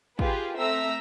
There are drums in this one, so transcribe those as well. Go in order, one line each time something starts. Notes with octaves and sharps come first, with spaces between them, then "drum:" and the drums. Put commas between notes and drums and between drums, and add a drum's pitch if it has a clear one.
F4 G4 G#4 B4, drum: kick
A3 C4 E5 A#5 E6